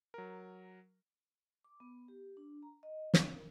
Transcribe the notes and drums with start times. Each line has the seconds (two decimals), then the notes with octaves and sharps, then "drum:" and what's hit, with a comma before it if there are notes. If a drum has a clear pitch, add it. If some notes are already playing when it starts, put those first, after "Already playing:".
0.14 F#3 A#4
1.64 D6
1.80 B3
2.08 G4
2.37 D4
2.63 A#5
2.83 D#5
3.14 C4, drum: snare
3.35 A#4